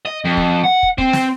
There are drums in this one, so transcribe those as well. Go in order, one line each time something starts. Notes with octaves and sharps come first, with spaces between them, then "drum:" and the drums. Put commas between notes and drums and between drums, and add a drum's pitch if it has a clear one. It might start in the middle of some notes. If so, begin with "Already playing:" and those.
D#5
F2
drum: kick
F#5
drum: kick
C4, drum: kick
drum: snare